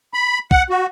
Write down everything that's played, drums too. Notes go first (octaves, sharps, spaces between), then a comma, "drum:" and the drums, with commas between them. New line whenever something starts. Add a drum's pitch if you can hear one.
B5
F#5, drum: kick
F#4